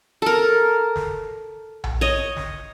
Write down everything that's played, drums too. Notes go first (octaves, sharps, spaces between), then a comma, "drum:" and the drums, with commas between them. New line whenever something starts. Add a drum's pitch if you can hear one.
A4 A#4
drum: snare
drum: tom A#1
C#5 D#5
drum: snare